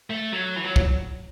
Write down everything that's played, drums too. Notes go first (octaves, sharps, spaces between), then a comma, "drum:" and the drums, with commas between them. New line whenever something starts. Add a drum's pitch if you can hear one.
A3
F#3
E3
F#3
drum: kick